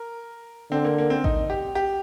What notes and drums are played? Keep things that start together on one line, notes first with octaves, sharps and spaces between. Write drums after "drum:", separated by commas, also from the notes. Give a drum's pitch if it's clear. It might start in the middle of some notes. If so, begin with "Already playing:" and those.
Already playing: A#4
D3 C4
A#3
A#3
C4
D#4, drum: kick A1
G4
G4